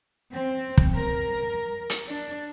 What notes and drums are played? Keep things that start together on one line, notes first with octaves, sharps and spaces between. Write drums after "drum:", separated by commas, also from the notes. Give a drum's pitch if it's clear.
C4
drum: kick
A#4
drum: hi-hat
D4